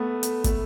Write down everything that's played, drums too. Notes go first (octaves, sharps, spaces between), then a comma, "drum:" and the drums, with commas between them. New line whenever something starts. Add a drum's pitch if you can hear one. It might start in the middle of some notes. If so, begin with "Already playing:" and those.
Already playing: A3 B3
drum: hi-hat
A3, drum: kick, hi-hat